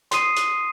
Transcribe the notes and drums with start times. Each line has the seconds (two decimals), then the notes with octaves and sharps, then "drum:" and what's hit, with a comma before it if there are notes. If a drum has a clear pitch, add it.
0.11 C6 D#6 C7 D#7, drum: hi-hat
0.36 drum: hi-hat